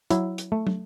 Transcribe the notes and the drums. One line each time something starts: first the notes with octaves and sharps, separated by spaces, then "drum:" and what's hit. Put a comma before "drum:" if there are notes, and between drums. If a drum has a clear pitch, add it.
F#3 E4, drum: hi-hat
drum: hi-hat
A3
drum: tom